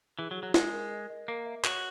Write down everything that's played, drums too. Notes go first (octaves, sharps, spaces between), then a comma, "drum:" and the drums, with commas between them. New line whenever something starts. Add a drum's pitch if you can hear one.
E3 G#4
F#3
G#4
F#3
G#3 A#4, drum: snare
A#4
D#5
D#5
A#3 A#4
E5
F#4 C#5, drum: clap